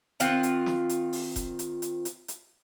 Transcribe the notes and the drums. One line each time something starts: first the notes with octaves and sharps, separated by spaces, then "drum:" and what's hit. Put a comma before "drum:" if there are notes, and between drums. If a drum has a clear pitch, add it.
D#3 C4 F4 F#5, drum: hi-hat
drum: hi-hat
drum: snare
drum: hi-hat
drum: open hi-hat
drum: kick F1, hi-hat
drum: hi-hat
drum: hi-hat
drum: hi-hat
drum: hi-hat